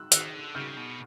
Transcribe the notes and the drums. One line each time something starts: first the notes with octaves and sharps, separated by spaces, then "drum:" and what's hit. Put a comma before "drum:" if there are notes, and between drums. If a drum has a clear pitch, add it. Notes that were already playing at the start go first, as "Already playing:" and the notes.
Already playing: E6 F#6
D#3 E6 F#6, drum: hi-hat
D3
C#3 F6 G6
B2